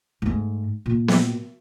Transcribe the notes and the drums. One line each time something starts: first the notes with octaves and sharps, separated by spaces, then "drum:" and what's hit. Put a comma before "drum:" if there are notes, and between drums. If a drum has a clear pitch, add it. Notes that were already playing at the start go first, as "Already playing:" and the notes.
G#2 A3
A#2
drum: snare B3